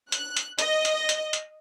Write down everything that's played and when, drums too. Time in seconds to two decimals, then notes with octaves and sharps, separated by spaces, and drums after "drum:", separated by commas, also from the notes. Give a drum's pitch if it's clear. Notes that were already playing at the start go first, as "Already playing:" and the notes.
0.12 F#6, drum: hi-hat
0.36 drum: hi-hat
0.59 D#5, drum: hi-hat
0.85 drum: hi-hat
1.09 drum: hi-hat
1.33 drum: hi-hat